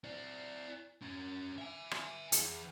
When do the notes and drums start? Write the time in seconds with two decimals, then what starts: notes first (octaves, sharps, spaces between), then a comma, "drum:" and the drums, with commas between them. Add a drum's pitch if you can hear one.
0.04 E4 D5
1.01 C#4 A#4
1.58 E5 G#5
1.91 drum: rim click
2.32 E3 G#4, drum: hi-hat